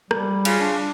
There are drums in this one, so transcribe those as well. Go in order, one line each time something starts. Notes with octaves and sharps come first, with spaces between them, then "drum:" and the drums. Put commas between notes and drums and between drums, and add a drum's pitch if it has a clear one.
G3, drum: rim click
C#3 F4, drum: cymbal
D4